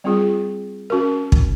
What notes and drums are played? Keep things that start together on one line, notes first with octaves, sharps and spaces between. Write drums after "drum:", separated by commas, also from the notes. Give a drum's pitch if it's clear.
G3 C4 F4 G#4
C#4 F#4 A#4
drum: kick